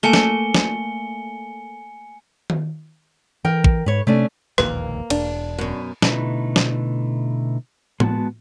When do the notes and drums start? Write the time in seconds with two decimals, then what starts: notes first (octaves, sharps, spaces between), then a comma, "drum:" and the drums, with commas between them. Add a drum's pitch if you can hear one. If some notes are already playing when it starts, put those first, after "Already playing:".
0.03 A3 A#3 G#5 C#7 G7
0.13 drum: snare
0.54 drum: snare
2.50 drum: tom D#3
3.45 E3 A#4 G5
3.64 drum: kick
3.86 G#2 B4 C#5
4.07 C3 A3 C#4 D4
4.58 E1 A#1 D#2 A#3 B4, drum: rim click
5.10 E1 D4, drum: cymbal
5.58 F#2 B2
6.02 B2 D3 A3 D#4 E4 B4, drum: snare
6.56 drum: snare
8.00 G#3 B3 F#4 A5, drum: tom A2